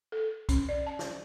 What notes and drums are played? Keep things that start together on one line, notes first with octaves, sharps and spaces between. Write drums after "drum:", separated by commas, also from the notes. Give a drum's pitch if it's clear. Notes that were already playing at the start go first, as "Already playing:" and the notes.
A4
C#4, drum: kick, hi-hat
D5
A5
drum: snare